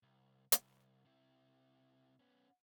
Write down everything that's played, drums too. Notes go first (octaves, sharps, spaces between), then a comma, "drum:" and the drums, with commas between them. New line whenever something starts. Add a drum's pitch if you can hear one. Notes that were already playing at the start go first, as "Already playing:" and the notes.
C2
C2, drum: hi-hat
C3 E4
B3 C#4